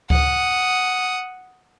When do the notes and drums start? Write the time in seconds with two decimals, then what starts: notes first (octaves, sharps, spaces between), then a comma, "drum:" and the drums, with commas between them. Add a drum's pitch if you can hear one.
0.10 F#5 D#6, drum: kick C#2